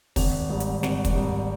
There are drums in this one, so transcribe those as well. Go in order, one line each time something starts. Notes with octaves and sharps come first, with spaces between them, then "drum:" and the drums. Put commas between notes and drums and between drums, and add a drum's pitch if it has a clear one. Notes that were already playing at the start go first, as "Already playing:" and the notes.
G#1, drum: kick, open hi-hat
G#2 G3
drum: hi-hat
G#1, drum: snare
drum: kick, hi-hat
G#2 G3